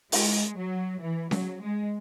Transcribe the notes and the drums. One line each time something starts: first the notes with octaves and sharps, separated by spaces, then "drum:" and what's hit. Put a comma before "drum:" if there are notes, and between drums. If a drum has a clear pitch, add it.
G#3, drum: open hi-hat
F#3
E3
F#3, drum: snare C#4
G#3